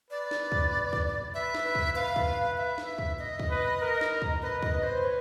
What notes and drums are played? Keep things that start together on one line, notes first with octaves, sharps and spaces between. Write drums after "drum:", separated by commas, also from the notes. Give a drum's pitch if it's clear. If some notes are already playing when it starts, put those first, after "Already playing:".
B4 D5
drum: snare
drum: kick
drum: kick
B4 E5
drum: snare
B4
drum: kick
B4 F5
drum: kick
E5
drum: snare
drum: kick
D#5
drum: kick
B4
A#4
drum: snare
drum: kick
B4 D#5
D#5, drum: kick
B4
C5
C#5